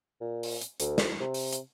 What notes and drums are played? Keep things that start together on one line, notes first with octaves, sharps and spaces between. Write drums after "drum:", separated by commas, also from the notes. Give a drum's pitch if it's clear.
A#2
drum: open hi-hat
drum: hi-hat
D2, drum: hi-hat
drum: snare
C3
drum: open hi-hat
drum: hi-hat